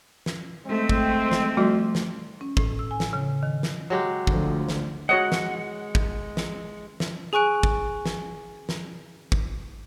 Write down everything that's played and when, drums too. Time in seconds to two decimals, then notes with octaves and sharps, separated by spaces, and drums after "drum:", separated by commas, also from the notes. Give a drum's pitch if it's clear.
0.26 drum: snare
0.66 G#3 A3 C4
0.89 drum: kick
1.32 drum: snare
1.57 F3 G3 A3 F#4
1.95 drum: snare
2.41 C#4
2.57 A2, drum: kick
2.79 E6
2.91 G#5
3.00 drum: snare
3.13 C#3
3.43 D#3
3.63 drum: snare
3.90 F#3 G#3 G4
4.27 D2 D3 F3, drum: kick
4.69 drum: snare
5.09 G#3 F#4 C#5 D#5 F#5
5.32 drum: snare
5.95 drum: kick
6.37 drum: snare
7.00 drum: snare
7.33 G#4 G#5 C#6 F#6 D7
7.63 drum: kick
8.06 drum: snare
8.69 drum: snare
9.32 drum: kick